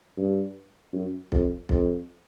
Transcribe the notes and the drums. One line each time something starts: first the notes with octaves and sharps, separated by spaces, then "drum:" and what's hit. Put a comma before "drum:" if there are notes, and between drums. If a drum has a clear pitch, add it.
G2
F#2
F2, drum: kick B1
F2, drum: kick B1